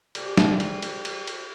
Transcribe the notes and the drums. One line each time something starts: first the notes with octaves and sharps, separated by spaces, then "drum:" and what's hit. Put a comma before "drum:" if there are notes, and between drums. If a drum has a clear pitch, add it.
G3 G4 G#4, drum: cymbal
drum: snare
drum: cymbal
drum: cymbal
drum: cymbal
drum: cymbal